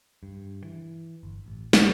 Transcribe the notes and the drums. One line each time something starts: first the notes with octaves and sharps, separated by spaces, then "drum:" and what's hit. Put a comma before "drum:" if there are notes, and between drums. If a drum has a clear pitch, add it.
G2
E3
G1
A1
A#1, drum: snare